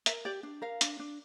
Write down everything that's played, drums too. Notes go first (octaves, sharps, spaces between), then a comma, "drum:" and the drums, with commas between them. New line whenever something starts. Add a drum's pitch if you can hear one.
A#4 E5, drum: hi-hat
G4 D5
D4
A#4 F5
D4, drum: hi-hat
D4